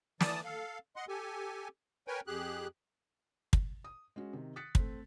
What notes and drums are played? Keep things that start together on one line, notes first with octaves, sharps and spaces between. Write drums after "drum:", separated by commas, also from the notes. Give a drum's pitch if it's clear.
E3 D5 A5 D#6, drum: snare
A4 F5
D#5 F#5 C6
G4 A4 G#5
A#4 B4 C#5 G5 G#5
F2 G4 G#4 F#6
drum: kick
D#6
G#3 C#4 F#4
C3 D#3
D#6 F#6 A6 B6 C#7
A3 C4, drum: kick